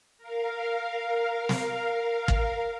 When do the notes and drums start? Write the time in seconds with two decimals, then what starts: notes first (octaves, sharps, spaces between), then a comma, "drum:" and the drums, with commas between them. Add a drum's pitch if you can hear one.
0.18 A#4 F5
1.49 drum: snare
2.28 drum: kick